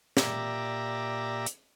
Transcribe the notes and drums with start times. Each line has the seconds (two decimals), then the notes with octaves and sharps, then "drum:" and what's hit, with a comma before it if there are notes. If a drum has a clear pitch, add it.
0.17 A#2 G4 D5 E5 A#5, drum: snare
1.46 drum: hi-hat